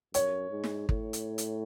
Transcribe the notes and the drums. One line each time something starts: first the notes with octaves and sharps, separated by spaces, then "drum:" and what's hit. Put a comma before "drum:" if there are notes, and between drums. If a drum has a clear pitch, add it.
F#2 C#5, drum: hi-hat
G#2
drum: snare
A2, drum: kick
drum: hi-hat
drum: hi-hat